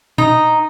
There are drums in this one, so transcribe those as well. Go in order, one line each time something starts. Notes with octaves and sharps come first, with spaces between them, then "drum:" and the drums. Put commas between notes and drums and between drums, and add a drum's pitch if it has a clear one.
D#4, drum: tom A#2